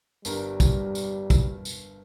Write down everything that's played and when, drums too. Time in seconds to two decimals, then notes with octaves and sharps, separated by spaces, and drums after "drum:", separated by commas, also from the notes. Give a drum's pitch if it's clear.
0.25 G1 G2 G3 A#4, drum: tambourine
0.60 drum: kick, tambourine
0.95 drum: tambourine
1.30 drum: kick, tambourine
1.65 drum: tambourine